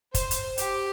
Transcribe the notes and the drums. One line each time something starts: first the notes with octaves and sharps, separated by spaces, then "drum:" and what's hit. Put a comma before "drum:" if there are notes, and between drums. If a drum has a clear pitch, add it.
C5, drum: kick, hi-hat
drum: hi-hat
G4, drum: hi-hat